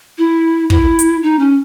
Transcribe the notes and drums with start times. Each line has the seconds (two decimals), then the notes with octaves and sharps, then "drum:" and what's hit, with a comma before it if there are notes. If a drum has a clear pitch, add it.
0.18 E4
0.70 E4, drum: kick
0.99 drum: hi-hat
1.23 D#4
1.39 C#4